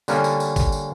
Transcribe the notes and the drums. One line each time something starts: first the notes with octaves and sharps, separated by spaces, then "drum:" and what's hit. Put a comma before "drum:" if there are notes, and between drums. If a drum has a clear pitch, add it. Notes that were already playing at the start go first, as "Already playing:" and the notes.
D3 G3 A#3 C#4, drum: tambourine
drum: tambourine
drum: tambourine
drum: kick G#1, tambourine
drum: tambourine